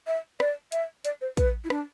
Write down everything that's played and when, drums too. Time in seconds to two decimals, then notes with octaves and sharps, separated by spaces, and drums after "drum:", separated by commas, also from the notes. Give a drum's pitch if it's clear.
0.07 E5
0.40 D5, drum: rim click
0.72 E5, drum: hi-hat
1.05 D5, drum: hi-hat
1.21 C5
1.37 B4, drum: kick, hi-hat
1.64 E4
1.70 D4, drum: rim click